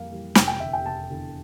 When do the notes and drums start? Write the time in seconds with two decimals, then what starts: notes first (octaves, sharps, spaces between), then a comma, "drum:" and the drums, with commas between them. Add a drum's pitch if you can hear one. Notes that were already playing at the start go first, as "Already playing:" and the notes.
Already playing: F2 E3 G3 A#3 F5
0.10 E3 G3 A#3
0.35 F1 G5, drum: snare
0.48 G5
0.60 E2 D3 E5
0.73 G5
0.86 F1 A5
1.10 E2 D3